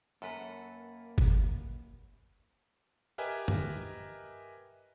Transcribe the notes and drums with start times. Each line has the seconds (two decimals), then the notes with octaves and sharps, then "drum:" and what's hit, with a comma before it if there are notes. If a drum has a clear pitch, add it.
0.22 F#2 A#3 A4 B4 F#5
1.18 drum: kick G1
3.18 G4 A#4 B4 D#5 E5 G#5
3.48 drum: tom G2